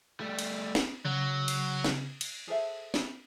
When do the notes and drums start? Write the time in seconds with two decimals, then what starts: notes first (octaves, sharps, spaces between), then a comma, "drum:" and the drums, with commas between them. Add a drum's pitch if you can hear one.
0.20 G3 A3
0.39 drum: cymbal
0.75 drum: snare
1.05 C#3 F#3
1.48 drum: cymbal
1.84 drum: snare
2.21 drum: cymbal
2.47 G#4 A4 C5 E5
2.94 drum: snare